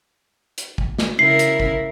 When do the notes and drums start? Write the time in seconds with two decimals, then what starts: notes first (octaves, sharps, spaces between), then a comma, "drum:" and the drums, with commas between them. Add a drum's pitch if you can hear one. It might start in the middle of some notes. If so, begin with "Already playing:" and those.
0.58 drum: hi-hat
0.78 drum: kick
0.99 drum: snare
1.19 C#3 E4 A#4 C7
1.39 drum: hi-hat
1.60 drum: kick